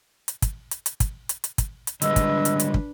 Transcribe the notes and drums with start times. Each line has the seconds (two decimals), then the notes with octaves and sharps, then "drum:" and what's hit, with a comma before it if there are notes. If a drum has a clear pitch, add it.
0.28 drum: hi-hat
0.42 drum: kick, hi-hat
0.71 drum: hi-hat
0.86 drum: hi-hat
1.00 drum: kick, hi-hat
1.29 drum: hi-hat
1.44 drum: hi-hat
1.58 drum: kick, hi-hat
1.87 drum: hi-hat
2.02 D3 G3 G#3 D4 B4 D#5 E6, drum: hi-hat
2.16 drum: kick, hi-hat
2.45 drum: hi-hat
2.60 drum: hi-hat
2.74 drum: kick